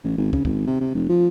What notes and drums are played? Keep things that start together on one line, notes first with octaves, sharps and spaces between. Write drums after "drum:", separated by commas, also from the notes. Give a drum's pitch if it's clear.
A1
G#1
C#3, drum: kick
G#1, drum: kick
C3
C3
F1
F3